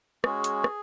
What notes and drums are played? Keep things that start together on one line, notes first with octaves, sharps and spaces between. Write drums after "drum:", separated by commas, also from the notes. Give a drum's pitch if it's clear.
G#3 C#4 F#4 G#4, drum: rim click
drum: hi-hat
drum: rim click